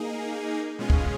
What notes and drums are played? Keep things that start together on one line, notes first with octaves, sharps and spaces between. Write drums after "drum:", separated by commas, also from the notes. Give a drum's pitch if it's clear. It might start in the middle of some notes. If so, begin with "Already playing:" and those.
Already playing: A#3 D#4 G#4
B2 G#3 C#4 F4 G#4
drum: kick